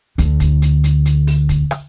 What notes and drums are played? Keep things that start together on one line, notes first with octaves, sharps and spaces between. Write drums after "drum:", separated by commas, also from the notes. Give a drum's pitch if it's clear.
D2 D3, drum: hi-hat
drum: kick, hi-hat
drum: hi-hat
drum: hi-hat
drum: hi-hat
drum: open hi-hat
drum: kick, hi-hat
drum: rim click